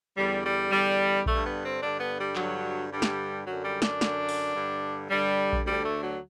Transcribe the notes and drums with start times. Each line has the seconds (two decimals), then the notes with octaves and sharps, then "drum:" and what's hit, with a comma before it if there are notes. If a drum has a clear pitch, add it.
0.17 E2 D3 G3
0.45 G3
0.71 E2 D3 G3
1.26 G2 D3 A3, drum: kick A#1
1.45 B3
1.63 C4
1.82 G2 D3 D4
1.99 B3
2.19 G3
2.36 G2 D3 F#3, drum: clap
2.91 G2 D3 G3
3.02 drum: snare
3.46 F#2 D3 F#3
3.64 G3
3.82 D4, drum: snare
4.01 F#2 D3, drum: snare
4.29 drum: open hi-hat
4.55 G2 D3
5.10 G2 D3 G3
5.53 drum: kick A#1
5.65 D2 D3 G3
5.84 A3
6.02 F#3